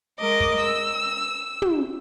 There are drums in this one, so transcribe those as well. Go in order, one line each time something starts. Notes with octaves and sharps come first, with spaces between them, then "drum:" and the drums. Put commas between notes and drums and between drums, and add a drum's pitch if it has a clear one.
G#3 A#4 D#5 D6
drum: kick
E6
drum: tom